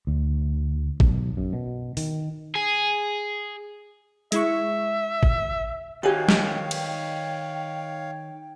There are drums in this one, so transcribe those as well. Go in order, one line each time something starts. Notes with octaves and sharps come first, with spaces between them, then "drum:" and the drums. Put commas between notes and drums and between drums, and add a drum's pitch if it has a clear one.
D2
B1, drum: kick G#1
F#2
B2
D#3, drum: open hi-hat
G#4
G#3 E4 E5 C#6, drum: hi-hat
drum: kick G#1
D#3 F#4 G4 C#5 F5 G5 G#5
drum: snare
drum: cymbal